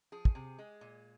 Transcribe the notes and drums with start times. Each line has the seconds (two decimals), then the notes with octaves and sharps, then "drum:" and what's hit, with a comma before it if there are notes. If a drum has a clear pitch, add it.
0.12 F3 G#4
0.25 drum: kick
0.35 C3
0.59 G#3
0.81 A#2